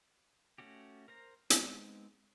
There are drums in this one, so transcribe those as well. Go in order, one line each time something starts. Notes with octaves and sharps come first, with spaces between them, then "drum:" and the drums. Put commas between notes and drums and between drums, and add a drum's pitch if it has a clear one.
A3 C#4 F#4 G4
A#4 C5 A#5
G#3 B3 C4 D#4, drum: hi-hat